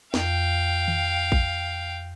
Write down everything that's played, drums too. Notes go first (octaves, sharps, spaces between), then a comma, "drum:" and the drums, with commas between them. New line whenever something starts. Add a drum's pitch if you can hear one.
F2 F5 G5, drum: snare
drum: tom D#3
drum: kick A#1